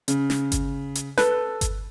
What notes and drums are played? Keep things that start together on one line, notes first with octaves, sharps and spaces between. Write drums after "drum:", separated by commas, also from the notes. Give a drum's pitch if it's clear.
C#3, drum: hi-hat
drum: snare
drum: kick G1, hi-hat
drum: hi-hat
A4 B4, drum: snare
drum: kick G1, hi-hat